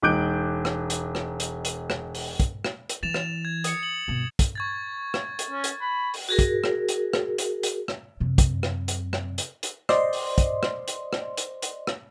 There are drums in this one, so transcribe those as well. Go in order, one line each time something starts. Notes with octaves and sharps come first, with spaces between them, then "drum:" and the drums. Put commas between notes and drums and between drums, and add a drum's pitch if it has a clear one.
E1 D#4 D6 F#6 G6 D7
drum: rim click
drum: hi-hat
drum: rim click
drum: hi-hat
drum: hi-hat
drum: rim click
drum: open hi-hat
drum: kick, hi-hat
drum: rim click
drum: hi-hat
E3 A6 E7 F7
drum: rim click
G#6
D#6 C#7, drum: hi-hat
F#7
G1 B2
drum: kick, hi-hat
C#6 G#6 A6
drum: rim click
drum: hi-hat
C#4
drum: hi-hat
B5
drum: open hi-hat
F#4 G#4 A#4
drum: kick, hi-hat
drum: rim click
drum: hi-hat
drum: rim click
drum: hi-hat
drum: hi-hat
drum: rim click
F#2 C3
drum: kick, hi-hat
drum: rim click
drum: hi-hat
drum: rim click
drum: hi-hat
drum: hi-hat
C5 D5 D#5 C6, drum: rim click
drum: open hi-hat
drum: kick, hi-hat
drum: rim click
drum: hi-hat
drum: rim click
drum: hi-hat
drum: hi-hat
drum: rim click